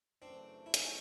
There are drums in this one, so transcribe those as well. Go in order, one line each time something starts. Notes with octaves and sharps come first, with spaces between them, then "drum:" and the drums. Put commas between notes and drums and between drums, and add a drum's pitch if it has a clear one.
F#2 C#3 E3 A3 C4 D4
E4
C#4 D#4, drum: hi-hat